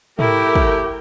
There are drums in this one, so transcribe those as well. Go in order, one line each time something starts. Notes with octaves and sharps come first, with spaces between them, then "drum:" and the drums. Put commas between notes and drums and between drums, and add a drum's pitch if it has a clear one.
A3 E4 G4 A#4 G5, drum: tom
drum: kick